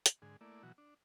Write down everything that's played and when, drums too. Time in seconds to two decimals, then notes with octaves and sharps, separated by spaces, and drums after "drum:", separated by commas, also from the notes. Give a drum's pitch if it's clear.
0.06 drum: hi-hat
0.22 G#2 D3 G#4
0.41 A3 A#3 E4 D5
0.63 B2 E3 F#3 F#4
0.78 D4